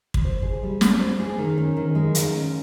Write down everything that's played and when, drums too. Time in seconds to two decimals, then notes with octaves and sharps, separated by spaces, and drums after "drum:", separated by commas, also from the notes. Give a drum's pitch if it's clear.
0.14 drum: kick
0.25 C5
0.43 G#4
0.63 G3
0.81 C#4, drum: snare
1.01 C5
1.20 G#4
1.38 D#3
1.58 C#4
1.77 D#3
1.95 G#3
2.15 D#3, drum: hi-hat
2.33 C#4